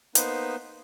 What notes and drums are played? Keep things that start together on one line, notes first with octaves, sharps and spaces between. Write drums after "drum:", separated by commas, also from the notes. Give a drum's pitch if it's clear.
A#3 B3 D#4 B4 C5, drum: hi-hat